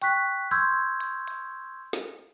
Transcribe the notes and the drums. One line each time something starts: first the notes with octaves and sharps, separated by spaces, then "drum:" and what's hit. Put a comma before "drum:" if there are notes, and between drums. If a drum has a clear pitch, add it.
G5 C#6 F#6 B6, drum: hi-hat
C6 C#6 E6 F6 G6 G#6, drum: open hi-hat
drum: hi-hat
drum: hi-hat
drum: snare